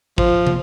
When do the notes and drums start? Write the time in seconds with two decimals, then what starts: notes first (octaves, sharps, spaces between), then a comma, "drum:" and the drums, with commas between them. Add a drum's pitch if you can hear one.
0.18 F3, drum: kick
0.47 drum: tom